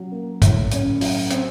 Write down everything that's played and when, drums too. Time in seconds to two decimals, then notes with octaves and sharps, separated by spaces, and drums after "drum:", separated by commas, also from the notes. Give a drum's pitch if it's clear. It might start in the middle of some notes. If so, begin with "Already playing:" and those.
Already playing: F#3 C#4
0.12 A#3
0.42 A2, drum: kick, hi-hat
0.71 C#4, drum: hi-hat
1.01 F#3, drum: open hi-hat
1.30 C4, drum: hi-hat